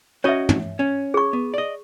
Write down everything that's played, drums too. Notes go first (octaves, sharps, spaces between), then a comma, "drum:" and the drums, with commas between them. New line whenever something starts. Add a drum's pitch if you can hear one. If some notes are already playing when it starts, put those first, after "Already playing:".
C#4 F#4 C#5 D#5 E5
drum: tom
C#4
G#4 C#6
B3
D5 D#5